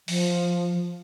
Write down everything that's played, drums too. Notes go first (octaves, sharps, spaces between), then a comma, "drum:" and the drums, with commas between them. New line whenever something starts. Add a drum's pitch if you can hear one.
F3, drum: open hi-hat